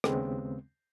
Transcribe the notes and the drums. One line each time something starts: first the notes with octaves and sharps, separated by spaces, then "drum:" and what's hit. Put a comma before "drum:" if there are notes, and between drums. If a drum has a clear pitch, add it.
D#2 C#3 G#3 B3 C4, drum: rim click